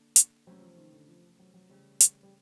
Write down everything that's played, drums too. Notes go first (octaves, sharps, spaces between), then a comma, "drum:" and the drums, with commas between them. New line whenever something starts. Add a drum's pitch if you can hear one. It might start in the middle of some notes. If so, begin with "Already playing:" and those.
Already playing: D3 A#3 D4
drum: hi-hat
F2 C3 E3 F#3 A3 C#4
F3
D#3
D3
F3
F#3
F#3
C#3 E3 G3 A3
drum: hi-hat
G3